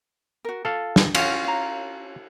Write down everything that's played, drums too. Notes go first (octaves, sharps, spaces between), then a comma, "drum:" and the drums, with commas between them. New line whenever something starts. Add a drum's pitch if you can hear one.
F#4 A#4
F4 A4 F5
drum: snare
C#4 F4 F#4, drum: cymbal
F5 A#5